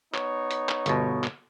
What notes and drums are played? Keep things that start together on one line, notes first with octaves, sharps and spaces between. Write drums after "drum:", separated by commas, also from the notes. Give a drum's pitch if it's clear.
B3 D#4 C#5, drum: clap
drum: hi-hat
drum: clap
G1 B2, drum: hi-hat
drum: clap